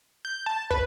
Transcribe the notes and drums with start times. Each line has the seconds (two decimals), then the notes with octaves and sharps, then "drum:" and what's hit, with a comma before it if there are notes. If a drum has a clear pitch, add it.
0.25 G6
0.46 A5
0.70 B4, drum: kick